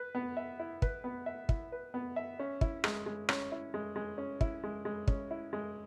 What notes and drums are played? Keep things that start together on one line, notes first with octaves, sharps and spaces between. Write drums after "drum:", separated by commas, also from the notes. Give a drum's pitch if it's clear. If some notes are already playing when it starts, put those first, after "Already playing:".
Already playing: B4
B3
E5
E4
B4, drum: kick
B3
E5
E4, drum: kick
B4
B3
E5
C#4
E4, drum: kick
G#3, drum: rim click
G#3
C#4, drum: rim click
E4
G#3
G#3
C#4
E4, drum: kick
G#3
G#3
C#4, drum: kick
E4
G#3